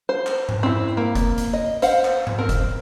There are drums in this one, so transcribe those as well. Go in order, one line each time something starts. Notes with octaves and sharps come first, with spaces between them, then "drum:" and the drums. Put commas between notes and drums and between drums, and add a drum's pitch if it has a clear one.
C5
drum: clap
drum: tom G#2
C4 E4
A#3
drum: kick F1, hi-hat
drum: hi-hat
D#5
C5 F5 F#5, drum: hi-hat
drum: clap
drum: tom G#2
C4 A#4
drum: kick F1, hi-hat